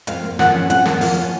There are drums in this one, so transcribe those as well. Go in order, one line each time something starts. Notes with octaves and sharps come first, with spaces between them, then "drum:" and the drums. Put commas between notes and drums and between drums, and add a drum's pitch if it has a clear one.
F2 F5, drum: hi-hat
A#3
F3 F#5, drum: snare
C#4
F2 F#5, drum: hi-hat
A#3, drum: snare
F3 F5, drum: open hi-hat
C#4